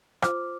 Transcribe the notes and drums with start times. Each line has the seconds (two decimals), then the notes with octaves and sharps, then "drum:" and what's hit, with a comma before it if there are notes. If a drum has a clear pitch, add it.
0.22 F4 C5 D6 F6, drum: rim click